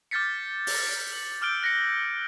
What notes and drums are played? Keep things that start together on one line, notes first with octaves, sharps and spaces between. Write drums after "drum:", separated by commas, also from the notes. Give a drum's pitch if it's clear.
D6 F6 G6 A6 B6 C#7
drum: open hi-hat
F#7
D6 E6 F6 G6 D7 G7
F#6 A#6 B6 C#7